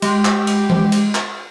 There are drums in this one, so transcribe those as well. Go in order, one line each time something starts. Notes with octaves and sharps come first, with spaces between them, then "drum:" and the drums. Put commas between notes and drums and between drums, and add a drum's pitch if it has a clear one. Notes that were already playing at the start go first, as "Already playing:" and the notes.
G#3 G4, drum: cymbal
drum: clap
drum: cymbal
drum: tom E3
drum: cymbal
drum: clap